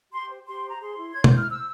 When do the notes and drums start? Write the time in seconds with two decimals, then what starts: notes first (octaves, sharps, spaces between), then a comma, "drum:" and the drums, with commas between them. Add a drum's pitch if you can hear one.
0.11 G4 C6
0.30 C5
0.46 G4 C6
0.63 C5
0.70 A#5
0.80 G#4 C6
0.97 E4
1.12 C#5 G#6
1.24 G6, drum: tom
1.32 E4 F6
1.49 C5 E6